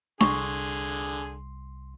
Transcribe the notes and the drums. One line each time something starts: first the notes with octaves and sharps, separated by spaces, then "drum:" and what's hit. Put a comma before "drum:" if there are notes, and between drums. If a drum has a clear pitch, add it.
C2 D3 G#4 C6 C#6, drum: snare D4